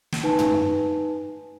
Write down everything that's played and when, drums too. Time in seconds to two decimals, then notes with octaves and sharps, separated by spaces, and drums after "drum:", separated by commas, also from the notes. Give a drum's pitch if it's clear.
0.12 drum: snare
0.24 D#4 B4 G#5 A5
0.39 drum: tom